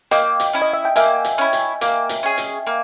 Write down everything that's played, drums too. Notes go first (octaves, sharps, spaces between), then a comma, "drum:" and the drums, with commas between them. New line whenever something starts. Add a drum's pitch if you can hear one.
A#3 D#5 G5, drum: hi-hat
drum: hi-hat
C#4 E4
D#5
E5
G5
A#3 E5 G#5, drum: hi-hat
drum: hi-hat
C#4 E4
drum: hi-hat
A#3, drum: hi-hat
drum: hi-hat
C#4 G#4
drum: hi-hat
A#3